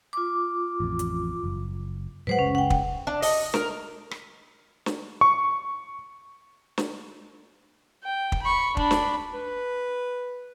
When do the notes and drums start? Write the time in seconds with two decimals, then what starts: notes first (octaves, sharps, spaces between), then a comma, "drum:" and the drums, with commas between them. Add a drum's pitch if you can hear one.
0.13 F4 D6
0.80 A1 F2
0.99 drum: hi-hat
1.44 F#1
2.27 A2 F#3 G#3 B4 C5 F#5
2.39 F#1 C#2 C#3 C#4
2.55 F#5 G5
2.70 drum: kick
3.07 D4
3.22 D#5, drum: open hi-hat
3.54 A#4, drum: snare
4.11 drum: rim click
4.86 drum: snare
5.21 C#6
6.78 drum: snare
8.03 G5
8.32 drum: kick
8.42 B5 C#6
8.77 D4 B5, drum: kick
8.91 drum: snare
9.34 B4